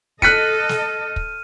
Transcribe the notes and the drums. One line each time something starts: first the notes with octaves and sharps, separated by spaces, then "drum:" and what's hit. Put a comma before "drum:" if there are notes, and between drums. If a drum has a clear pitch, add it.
A4 D#5 F6 F#6 B6 C#7 D#7, drum: kick
drum: snare
drum: kick